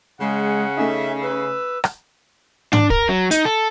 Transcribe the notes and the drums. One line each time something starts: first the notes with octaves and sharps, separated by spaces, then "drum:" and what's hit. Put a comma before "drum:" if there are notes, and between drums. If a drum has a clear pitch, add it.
C#3 G#3 F#5
A3 C#4 D#4 E5
B4 E6
drum: rim click
D4, drum: tom G#2
A#4, drum: kick
F#3
D#4, drum: hi-hat
A4